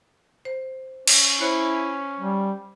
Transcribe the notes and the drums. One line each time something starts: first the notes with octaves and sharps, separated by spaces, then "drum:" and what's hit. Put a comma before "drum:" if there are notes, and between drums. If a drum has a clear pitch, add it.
C5
C#4, drum: cymbal
E4 C5 C#5 F#6
G3